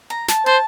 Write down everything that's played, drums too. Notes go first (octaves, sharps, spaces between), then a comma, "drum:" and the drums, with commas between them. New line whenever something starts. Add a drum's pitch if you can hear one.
A#5
A5, drum: snare
C5 A5